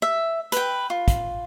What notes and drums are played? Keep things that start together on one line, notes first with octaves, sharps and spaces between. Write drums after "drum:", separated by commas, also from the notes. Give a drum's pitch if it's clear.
E5
B4 G5, drum: hi-hat
F4
drum: kick, hi-hat